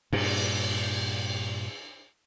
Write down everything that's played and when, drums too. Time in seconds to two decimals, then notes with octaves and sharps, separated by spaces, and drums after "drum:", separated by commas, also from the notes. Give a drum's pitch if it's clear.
0.13 G2 A#2, drum: cymbal